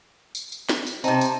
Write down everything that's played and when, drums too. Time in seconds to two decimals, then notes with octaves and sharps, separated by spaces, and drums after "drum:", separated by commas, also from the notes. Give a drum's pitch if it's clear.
0.35 drum: tambourine
0.52 drum: tambourine
0.69 drum: snare
0.87 drum: tambourine
1.04 C3 C4 D#4 A5, drum: tambourine
1.21 drum: tambourine